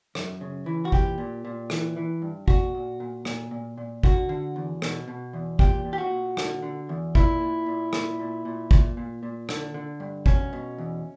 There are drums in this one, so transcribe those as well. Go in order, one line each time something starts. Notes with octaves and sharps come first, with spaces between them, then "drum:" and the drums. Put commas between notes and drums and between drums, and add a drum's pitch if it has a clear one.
F#2, drum: rim click
C#3
E3
F#4
A#2 G4, drum: kick G#1
A#2
A#2
E3, drum: rim click
E3
G2
A#2 F#4, drum: kick G#1
A#2
A#2
A#2, drum: rim click
A#2
A#2
D3 F#4, drum: kick G#1
D3
E2
B2, drum: rim click
B2
E2
A#2 G4, drum: kick G#1
A#2
G4
F#4
A#2
D3, drum: rim click
D3
E2
A#2 E4, drum: kick G#1
A#2
A#2
A#2, drum: rim click
A#2
A#2
A#2, drum: kick G#1
A#2
A#2
D3, drum: rim click
D3
G2
B2 C#4, drum: kick G#1
B2
E2